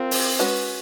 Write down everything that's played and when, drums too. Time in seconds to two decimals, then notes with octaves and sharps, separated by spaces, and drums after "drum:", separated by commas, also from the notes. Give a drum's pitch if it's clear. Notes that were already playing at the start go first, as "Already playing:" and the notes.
Already playing: C4 F4 A#4
0.11 drum: open hi-hat
0.39 G#3 C#4 F#4 B4